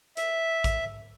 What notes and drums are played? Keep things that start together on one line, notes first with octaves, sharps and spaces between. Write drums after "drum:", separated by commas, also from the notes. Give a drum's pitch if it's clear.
E5, drum: hi-hat
drum: kick A1, hi-hat